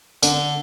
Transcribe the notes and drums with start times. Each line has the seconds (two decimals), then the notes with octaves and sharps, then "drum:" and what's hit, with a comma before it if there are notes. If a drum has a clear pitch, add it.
0.23 D3, drum: tambourine